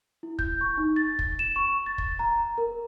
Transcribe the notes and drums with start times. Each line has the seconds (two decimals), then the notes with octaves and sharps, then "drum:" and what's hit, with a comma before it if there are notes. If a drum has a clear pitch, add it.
0.23 E4
0.39 G6, drum: kick
0.61 C#6
0.78 D#4
0.96 A6
1.19 drum: kick
1.39 E7
1.56 C#6
1.86 A6
1.98 drum: kick
2.19 A#5
2.58 A#4